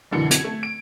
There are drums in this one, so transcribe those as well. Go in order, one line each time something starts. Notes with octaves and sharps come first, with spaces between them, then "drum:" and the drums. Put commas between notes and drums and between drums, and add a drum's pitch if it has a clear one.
F#1 B2 D3 E3 C#7
G#6, drum: hi-hat
A3
D7